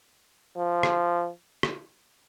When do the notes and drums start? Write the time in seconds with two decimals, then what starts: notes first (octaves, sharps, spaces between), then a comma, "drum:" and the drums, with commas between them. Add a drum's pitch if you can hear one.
0.57 F3
0.83 drum: rim click
1.63 drum: rim click